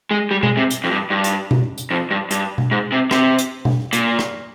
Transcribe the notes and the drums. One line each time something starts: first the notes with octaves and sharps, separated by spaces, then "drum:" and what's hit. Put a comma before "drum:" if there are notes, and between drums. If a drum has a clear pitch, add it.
G#3
G3
G#3, drum: tom B2
C3
drum: hi-hat
F2
G2
G2
drum: hi-hat
drum: tom B2
drum: hi-hat
F2
G2
G2, drum: hi-hat
drum: tom B2
G#2
C3
C3, drum: rim click
drum: hi-hat
drum: tom B2
A#2, drum: hi-hat
drum: rim click